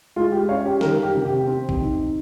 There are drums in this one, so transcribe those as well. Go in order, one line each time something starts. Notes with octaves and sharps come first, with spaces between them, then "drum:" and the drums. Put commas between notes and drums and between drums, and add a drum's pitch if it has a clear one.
G#3 F4
G4
C#4 C#5 F5
G4
D#3 G4 A#4, drum: snare
G4
C3
G4
C4
drum: kick A#1
D#4